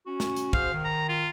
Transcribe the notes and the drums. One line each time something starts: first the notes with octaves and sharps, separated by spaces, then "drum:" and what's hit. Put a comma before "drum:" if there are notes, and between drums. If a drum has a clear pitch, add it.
C#4 F#4
drum: snare
drum: hi-hat
F#4 G#4 C5 F5, drum: kick
D#3
A#5
F4